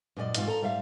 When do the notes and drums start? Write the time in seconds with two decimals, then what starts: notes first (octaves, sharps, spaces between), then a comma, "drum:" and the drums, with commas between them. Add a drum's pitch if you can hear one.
0.16 F#2 A#2 G4 D5 D#5
0.35 E2 G#2 B2 F4 G4, drum: hi-hat
0.47 A4 A#5
0.62 G#2 G3 E5 F5